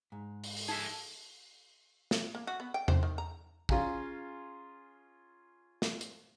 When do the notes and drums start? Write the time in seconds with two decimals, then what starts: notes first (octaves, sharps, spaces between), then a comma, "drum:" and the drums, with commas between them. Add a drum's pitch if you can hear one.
0.12 G#2
0.44 drum: open hi-hat
0.57 drum: open hi-hat
0.68 D#4 G#4 E5
2.11 drum: snare
2.35 A#3
2.47 F#4
2.60 B3
2.74 G5
2.88 C5, drum: tom E2
3.03 D#3
3.18 A#5
3.69 C#4 F4 G#4 F5 G#5 A#5, drum: kick
5.82 drum: snare
6.01 drum: hi-hat